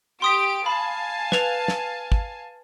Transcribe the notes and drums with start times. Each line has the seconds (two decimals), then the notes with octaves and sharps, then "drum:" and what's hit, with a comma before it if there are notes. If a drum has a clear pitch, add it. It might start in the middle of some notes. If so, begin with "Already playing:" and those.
0.22 G4 C6 D#6 B6 D7
0.66 F5 G#5 A5 B5
1.32 B4 F7, drum: snare
1.68 drum: snare
2.12 drum: kick